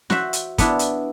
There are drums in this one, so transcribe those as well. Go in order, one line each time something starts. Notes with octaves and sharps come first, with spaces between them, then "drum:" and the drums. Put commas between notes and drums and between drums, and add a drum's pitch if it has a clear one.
F#4 C5 E5, drum: snare
drum: hi-hat
B3 D4 E4, drum: kick, hi-hat
drum: hi-hat